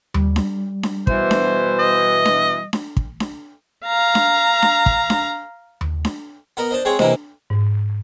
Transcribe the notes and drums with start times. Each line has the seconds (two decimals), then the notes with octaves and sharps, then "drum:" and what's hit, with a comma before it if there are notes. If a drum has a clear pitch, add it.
0.14 G3, drum: tom D#2
0.36 drum: snare D4
0.83 drum: snare D4
1.07 B2 E3 C5, drum: kick
1.31 drum: snare D4
1.79 D#5
2.25 drum: snare D4
2.73 drum: snare D4
2.97 drum: kick
3.20 drum: snare D4
3.86 F5 A#5
4.15 drum: snare D4
4.62 drum: snare D4
4.86 drum: kick
5.10 drum: snare D4
5.81 drum: tom D#2
6.05 drum: snare D4
6.57 B3 A#4 D#5
6.71 D4 C5 D#5
6.85 G#3 C4 C#5
6.99 C3 E3 A#3 C5 D#5, drum: snare D4
7.50 G#2